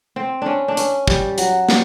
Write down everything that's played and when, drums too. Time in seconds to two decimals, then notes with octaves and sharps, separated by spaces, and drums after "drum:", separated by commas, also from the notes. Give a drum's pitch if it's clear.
0.16 C4
0.42 C#4 D4
0.68 D4
0.77 C#4, drum: hi-hat
1.08 G3, drum: kick
1.38 F#3, drum: hi-hat
1.69 G3, drum: snare